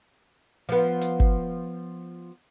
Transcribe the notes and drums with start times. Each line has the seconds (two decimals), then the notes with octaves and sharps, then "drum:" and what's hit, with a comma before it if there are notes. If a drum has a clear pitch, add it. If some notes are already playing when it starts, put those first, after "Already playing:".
0.69 F3 B3
1.01 drum: hi-hat
1.20 drum: kick